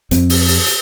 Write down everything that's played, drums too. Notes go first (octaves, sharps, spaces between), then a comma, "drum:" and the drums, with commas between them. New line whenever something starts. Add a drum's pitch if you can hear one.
F2 C4, drum: hi-hat
drum: open hi-hat
drum: open hi-hat
drum: hi-hat